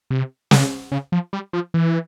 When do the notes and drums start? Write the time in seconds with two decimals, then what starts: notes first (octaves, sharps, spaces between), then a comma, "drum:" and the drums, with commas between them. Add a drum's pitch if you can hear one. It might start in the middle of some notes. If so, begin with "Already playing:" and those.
0.10 C3
0.51 C#3, drum: snare
0.92 C#3
1.12 F3
1.33 G3
1.53 F3
1.74 E3